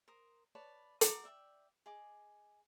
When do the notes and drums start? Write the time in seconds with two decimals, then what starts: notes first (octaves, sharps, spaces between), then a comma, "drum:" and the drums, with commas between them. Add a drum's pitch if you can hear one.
0.08 A#4 C5 D#6
0.55 B4 C#5 D5 A5
1.01 F#4 A#4 A#5 D#6, drum: hi-hat
1.24 D5 E5 F#5 G5
1.86 G#4 D#5 D6